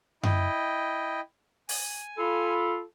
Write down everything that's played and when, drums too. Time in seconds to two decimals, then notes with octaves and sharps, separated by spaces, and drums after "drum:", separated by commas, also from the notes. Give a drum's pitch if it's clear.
0.23 E4 D#5 G5, drum: tom F#2
1.69 G#5, drum: open hi-hat
2.18 F4 A4 B5